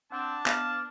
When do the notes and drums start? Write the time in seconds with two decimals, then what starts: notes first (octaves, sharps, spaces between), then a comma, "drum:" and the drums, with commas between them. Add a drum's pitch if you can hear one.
0.12 C4 D4 F#5 A5
0.46 B3 F5, drum: clap